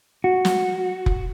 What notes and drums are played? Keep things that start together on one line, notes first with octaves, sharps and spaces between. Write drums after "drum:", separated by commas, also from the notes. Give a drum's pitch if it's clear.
F#4
drum: snare
drum: kick F1